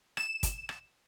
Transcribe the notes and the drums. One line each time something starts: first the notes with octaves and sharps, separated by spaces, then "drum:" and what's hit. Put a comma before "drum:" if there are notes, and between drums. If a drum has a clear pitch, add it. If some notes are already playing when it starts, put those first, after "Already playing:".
E7, drum: rim click
drum: kick, hi-hat
drum: rim click